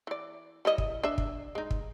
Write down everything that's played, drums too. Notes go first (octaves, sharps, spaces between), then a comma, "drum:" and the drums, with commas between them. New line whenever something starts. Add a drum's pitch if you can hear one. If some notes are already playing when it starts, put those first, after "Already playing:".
E3 D5
G3 E4 D#5
drum: kick
D4 E5
drum: kick
G#3 D#4
drum: kick